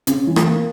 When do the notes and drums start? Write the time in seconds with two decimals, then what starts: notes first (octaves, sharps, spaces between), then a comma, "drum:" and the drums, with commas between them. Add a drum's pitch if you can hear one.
0.07 C#3, drum: hi-hat
0.27 E3
0.36 drum: rim click
0.47 A#3